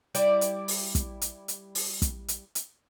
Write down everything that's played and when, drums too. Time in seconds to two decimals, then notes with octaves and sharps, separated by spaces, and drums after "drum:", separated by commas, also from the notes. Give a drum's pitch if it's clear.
0.15 G3 E4 D5, drum: hi-hat
0.41 drum: hi-hat
0.68 drum: open hi-hat
0.95 drum: kick, hi-hat
1.21 drum: hi-hat
1.48 drum: hi-hat
1.75 drum: open hi-hat
2.02 drum: kick, hi-hat
2.28 drum: hi-hat
2.55 drum: hi-hat